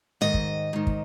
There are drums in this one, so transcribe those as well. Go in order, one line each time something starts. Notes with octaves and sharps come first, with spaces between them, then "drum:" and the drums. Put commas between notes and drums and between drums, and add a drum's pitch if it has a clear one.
G#2 D#3 D#5
drum: kick
G#2 D#3
drum: kick